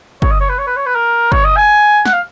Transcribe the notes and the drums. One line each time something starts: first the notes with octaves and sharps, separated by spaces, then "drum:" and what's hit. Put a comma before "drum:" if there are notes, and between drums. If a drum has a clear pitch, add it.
C#5, drum: kick
D#5
C#5
B4
C#5
B4
C#5
B4
A#4
C#5, drum: kick
D#5
G#5
F#5, drum: snare
F5